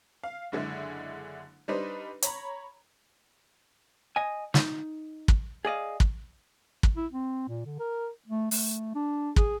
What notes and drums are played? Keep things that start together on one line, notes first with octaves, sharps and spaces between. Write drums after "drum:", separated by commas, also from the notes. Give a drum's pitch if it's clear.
F5
F#1 D3 G#3 E4
G3 D4 D#4 B4 C5
C#5 A#5 B5, drum: hi-hat
D#5 G#5
D#4, drum: snare
drum: kick
G#4 D5 D#5 F5
drum: kick
drum: kick
E4
C4
A#2
D3
A#4
A3
A3, drum: open hi-hat
D4
G#4, drum: kick